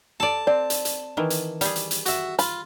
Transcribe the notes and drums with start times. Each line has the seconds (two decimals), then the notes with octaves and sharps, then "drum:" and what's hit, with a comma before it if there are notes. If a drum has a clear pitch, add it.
0.20 A4 D5 A5
0.47 C4 D5
0.70 drum: hi-hat
0.85 drum: hi-hat
1.17 D#3 E3
1.30 drum: hi-hat
1.61 G3 G#4, drum: hi-hat
1.76 drum: hi-hat
1.91 drum: hi-hat
2.06 F#4 E5, drum: hi-hat
2.39 F4 B5, drum: hi-hat